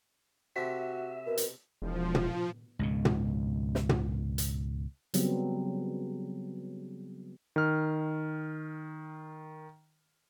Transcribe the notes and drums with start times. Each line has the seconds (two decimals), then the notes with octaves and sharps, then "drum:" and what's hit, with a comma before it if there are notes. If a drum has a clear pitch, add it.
0.56 C3 A3 C4 F#4 E5
1.27 B2 A#4
1.37 drum: hi-hat
1.82 E1 F3
2.15 drum: tom
2.79 C#2 G#2 B2
3.05 drum: tom
3.75 drum: snare
3.89 drum: tom
4.38 drum: hi-hat
5.14 C#3 F#3 G3 B3 C4, drum: hi-hat
7.56 D#3 F6